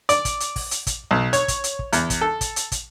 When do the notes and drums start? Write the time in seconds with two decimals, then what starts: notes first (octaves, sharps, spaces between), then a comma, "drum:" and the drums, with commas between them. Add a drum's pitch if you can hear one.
0.09 D5, drum: hi-hat
0.25 drum: kick, hi-hat
0.40 drum: hi-hat
0.56 drum: kick, open hi-hat
0.71 drum: hi-hat
0.87 drum: kick, hi-hat
1.11 B1
1.33 C#5, drum: hi-hat
1.48 drum: kick, hi-hat
1.64 drum: hi-hat
1.79 drum: kick
1.93 E2, drum: hi-hat
2.10 drum: kick, hi-hat
2.21 A4
2.41 drum: kick, hi-hat
2.56 drum: hi-hat
2.72 drum: kick, hi-hat